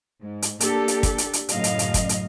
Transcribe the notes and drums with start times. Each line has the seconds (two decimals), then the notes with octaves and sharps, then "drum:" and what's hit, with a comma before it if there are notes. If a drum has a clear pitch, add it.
0.19 G#2
0.42 drum: hi-hat
0.60 A#3 D4 G4 A4, drum: hi-hat
0.88 drum: hi-hat
1.03 drum: kick, hi-hat
1.18 drum: hi-hat
1.33 drum: hi-hat
1.49 F#2 A2 C#3 F#3 D#5 F5, drum: hi-hat
1.64 drum: hi-hat
1.79 drum: hi-hat
1.94 drum: kick, hi-hat
2.09 drum: hi-hat